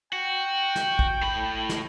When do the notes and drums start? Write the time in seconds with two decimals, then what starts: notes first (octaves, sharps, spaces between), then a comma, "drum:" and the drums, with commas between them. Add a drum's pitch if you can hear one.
0.13 F#4 G5
0.76 drum: snare
0.99 drum: kick
1.23 A2 B5
1.69 drum: snare